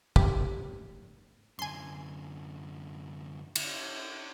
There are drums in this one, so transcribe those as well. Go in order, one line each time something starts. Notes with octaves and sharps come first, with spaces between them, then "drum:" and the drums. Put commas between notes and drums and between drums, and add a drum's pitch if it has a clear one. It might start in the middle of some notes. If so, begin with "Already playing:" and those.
G4, drum: kick
F#2 D3 G#5 C6
drum: cymbal